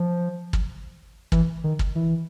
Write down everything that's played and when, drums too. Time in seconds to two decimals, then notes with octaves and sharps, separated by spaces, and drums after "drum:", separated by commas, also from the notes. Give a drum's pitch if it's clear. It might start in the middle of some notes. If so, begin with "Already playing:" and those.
Already playing: F3
0.53 drum: kick
1.32 E3, drum: kick
1.64 D#3
1.79 drum: kick
1.95 E3